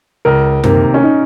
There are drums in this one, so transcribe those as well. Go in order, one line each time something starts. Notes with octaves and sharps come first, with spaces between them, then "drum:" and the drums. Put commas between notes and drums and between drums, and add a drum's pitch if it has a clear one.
C#2 A#4
C3 D#3 A#3, drum: tom F#2
C#4
D#4